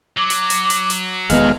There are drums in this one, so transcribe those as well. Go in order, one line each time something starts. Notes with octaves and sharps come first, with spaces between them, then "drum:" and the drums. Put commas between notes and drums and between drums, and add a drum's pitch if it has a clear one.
F#3 D6
drum: hi-hat
drum: hi-hat
drum: hi-hat
drum: hi-hat
E1 D#3 G#3 B3 D#5 F5, drum: hi-hat